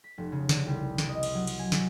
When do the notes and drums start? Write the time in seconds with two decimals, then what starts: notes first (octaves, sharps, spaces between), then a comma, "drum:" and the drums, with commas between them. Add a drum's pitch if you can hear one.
0.04 B6
0.18 F1
0.32 C#3
0.49 D3, drum: snare
0.67 C2
0.98 drum: snare
1.09 D#5
1.23 drum: cymbal
1.35 F#3
1.47 drum: cymbal
1.59 G#5
1.72 drum: snare